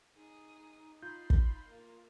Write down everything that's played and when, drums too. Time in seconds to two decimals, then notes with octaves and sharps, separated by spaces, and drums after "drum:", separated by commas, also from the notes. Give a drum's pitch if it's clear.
0.15 D#4 G#4 D#6
1.02 F4 B5 C6 G6
1.30 drum: kick
1.66 A#3